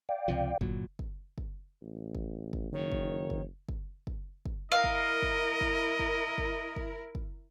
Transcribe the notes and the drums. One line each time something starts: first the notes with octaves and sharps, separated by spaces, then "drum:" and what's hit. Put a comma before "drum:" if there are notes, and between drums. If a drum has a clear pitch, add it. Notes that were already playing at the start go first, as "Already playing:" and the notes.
D5 F5 G5
C#2 C3 F3
G1 A#2 F#3, drum: kick
drum: kick
drum: kick
A1
drum: kick
drum: kick
F#1 D#3 C#5
drum: kick
drum: kick
drum: kick
drum: kick
drum: kick
E4 A#4 D#5 F5
drum: kick
drum: kick
drum: kick
drum: kick
drum: kick
drum: kick
drum: kick